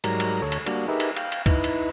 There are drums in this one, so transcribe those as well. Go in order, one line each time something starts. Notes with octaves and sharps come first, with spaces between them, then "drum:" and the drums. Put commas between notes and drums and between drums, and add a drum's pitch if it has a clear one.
G#2 F#3 G3 A#4 A#5, drum: cymbal
drum: cymbal
D2 A4 C#5
drum: cymbal
G3 A#3 D4 F#4, drum: cymbal
D#4 G4 G#4 A#4 B4 E5
drum: cymbal
F5 G5, drum: cymbal
drum: cymbal
D#4 E4 B4, drum: kick, cymbal
drum: cymbal